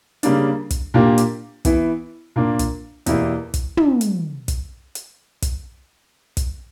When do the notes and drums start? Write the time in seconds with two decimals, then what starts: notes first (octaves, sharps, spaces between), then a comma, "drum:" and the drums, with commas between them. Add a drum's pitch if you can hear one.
0.23 C#3 G3 A#3 D4, drum: hi-hat
0.70 drum: kick, hi-hat
0.94 A#2 A#3 D4 G4
1.18 drum: hi-hat
1.65 E3 B3 E4, drum: kick, hi-hat
2.36 A#2 A#3 D4
2.59 drum: kick, hi-hat
3.06 E2 B2 A#3 E4 G4, drum: hi-hat
3.54 drum: kick, hi-hat
3.77 drum: tom
4.01 drum: hi-hat
4.48 drum: kick, hi-hat
4.95 drum: hi-hat
5.42 drum: kick, hi-hat
6.37 drum: kick, hi-hat